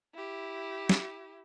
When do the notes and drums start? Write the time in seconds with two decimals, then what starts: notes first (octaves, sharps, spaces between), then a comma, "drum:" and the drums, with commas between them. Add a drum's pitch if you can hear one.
0.14 E4 G4
0.89 drum: snare